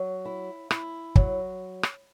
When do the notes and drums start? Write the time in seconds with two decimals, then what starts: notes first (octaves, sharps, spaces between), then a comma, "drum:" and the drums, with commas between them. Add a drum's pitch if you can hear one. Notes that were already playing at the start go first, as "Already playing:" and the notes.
Already playing: F#3
0.25 E4
0.71 E4, drum: rim click
1.16 F#3, drum: kick
1.83 drum: rim click